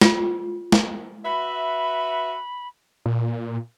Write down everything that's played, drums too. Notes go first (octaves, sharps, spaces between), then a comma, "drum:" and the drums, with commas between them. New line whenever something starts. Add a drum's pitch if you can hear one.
F4, drum: snare
drum: snare
F#4 B4 E5 B5
A#2